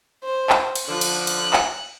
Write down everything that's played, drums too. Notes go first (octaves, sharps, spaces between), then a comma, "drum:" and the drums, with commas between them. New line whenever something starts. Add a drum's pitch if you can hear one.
C5
drum: clap
drum: cymbal
D3 F3 F#6
drum: cymbal
drum: cymbal
drum: clap